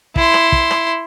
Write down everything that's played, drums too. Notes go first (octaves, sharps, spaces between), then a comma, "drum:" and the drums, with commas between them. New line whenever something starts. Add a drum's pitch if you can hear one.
E4 C6, drum: kick
drum: rim click
drum: kick
drum: rim click